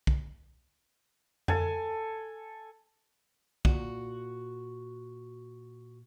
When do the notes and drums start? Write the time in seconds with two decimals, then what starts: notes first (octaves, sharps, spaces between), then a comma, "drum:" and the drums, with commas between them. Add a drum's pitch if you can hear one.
0.07 drum: kick
1.48 A4 G#5, drum: tom F2
3.65 A#2 F#4, drum: kick